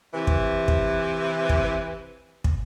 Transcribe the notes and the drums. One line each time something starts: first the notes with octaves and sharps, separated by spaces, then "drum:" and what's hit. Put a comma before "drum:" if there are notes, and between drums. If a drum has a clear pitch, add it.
C3 E3
drum: kick
drum: kick
drum: kick
drum: kick